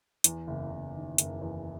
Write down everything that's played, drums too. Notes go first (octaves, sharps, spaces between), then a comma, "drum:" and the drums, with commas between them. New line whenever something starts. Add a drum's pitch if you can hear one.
E2, drum: hi-hat
F#1
F#1
D#3
F#1, drum: hi-hat
E2